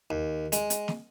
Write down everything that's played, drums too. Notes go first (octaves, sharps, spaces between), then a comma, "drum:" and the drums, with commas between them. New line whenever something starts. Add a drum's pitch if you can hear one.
D#2
G#3, drum: hi-hat
drum: hi-hat
drum: snare